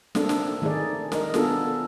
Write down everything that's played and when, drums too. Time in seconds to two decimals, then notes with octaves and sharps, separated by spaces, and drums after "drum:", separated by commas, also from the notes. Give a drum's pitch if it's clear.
0.15 A3 A#3 C4 D4 A4, drum: snare
0.29 drum: snare
0.62 D#3 A3 D#4 G#4 D5
1.12 A#4 D#5, drum: snare
1.34 B3 D4 F4 G#4 A4, drum: snare